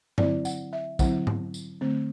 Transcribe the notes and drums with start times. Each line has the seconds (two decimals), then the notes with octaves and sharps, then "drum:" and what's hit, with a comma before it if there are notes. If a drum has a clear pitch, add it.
0.18 D3 F#3 C4 E4 D5, drum: tom G2
0.45 F#5, drum: tambourine
0.73 E5
0.99 D3 F#3 C4 E4 F#5, drum: kick, tambourine
1.27 drum: tom G#2
1.54 drum: tambourine
1.81 D3 A3 C4